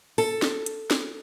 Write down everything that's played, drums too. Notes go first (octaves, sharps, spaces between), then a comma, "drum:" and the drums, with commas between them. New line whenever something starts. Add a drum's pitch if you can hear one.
A4, drum: open hi-hat
drum: snare
drum: hi-hat
drum: snare